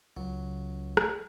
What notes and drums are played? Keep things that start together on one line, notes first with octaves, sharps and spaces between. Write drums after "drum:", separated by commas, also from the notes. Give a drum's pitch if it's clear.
C#2 F#3
drum: rim click